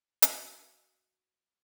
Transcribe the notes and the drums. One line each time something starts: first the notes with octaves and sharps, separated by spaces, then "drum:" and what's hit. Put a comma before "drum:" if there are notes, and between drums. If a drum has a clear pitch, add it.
F#4 F5, drum: hi-hat